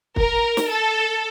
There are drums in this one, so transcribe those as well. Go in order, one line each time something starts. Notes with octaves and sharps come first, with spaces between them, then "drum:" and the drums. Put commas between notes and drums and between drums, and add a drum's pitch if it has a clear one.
A#4, drum: kick
drum: snare
A4